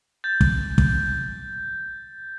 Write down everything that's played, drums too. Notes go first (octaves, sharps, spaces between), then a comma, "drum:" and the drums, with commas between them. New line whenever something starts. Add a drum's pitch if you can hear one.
G6 A6
drum: kick
drum: kick